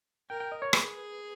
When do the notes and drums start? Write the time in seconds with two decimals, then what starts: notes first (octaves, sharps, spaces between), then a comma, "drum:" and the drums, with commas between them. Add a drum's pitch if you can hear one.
0.29 A#4 G5
0.40 G5
0.52 D#5
0.62 C#5
0.73 G#4 B4, drum: rim click